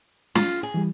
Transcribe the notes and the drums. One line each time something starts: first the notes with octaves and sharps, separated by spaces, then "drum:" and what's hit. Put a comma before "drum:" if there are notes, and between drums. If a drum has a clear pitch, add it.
F4, drum: snare
G#4
E3 G3